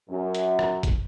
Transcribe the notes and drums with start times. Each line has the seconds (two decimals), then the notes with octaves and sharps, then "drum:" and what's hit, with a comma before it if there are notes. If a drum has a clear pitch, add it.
0.10 F#2
0.35 drum: hi-hat
0.59 drum: rim click
0.83 drum: kick, hi-hat